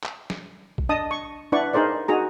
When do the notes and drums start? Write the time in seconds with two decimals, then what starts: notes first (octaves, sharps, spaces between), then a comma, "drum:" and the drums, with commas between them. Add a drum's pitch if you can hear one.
0.04 drum: clap
0.30 drum: snare
0.78 drum: kick A#1
0.89 D4 D#5 A5 D#6
1.11 C#6
1.52 D4 E4 B4 D5 F#5 C#6
1.73 D#4 G#4 A#4 C5 D5
2.08 D#4 F#4 G#4 A#5